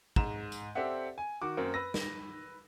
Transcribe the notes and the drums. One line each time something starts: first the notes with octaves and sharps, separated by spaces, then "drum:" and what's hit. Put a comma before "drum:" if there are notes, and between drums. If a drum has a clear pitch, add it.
G#2 A#5 E7, drum: kick
drum: tambourine
C4 G4 A4 D5 E5 F#5
G#5
D#3 F#4 D6
F#2 A#3 C4 A#4
B4 E6 A#6
drum: snare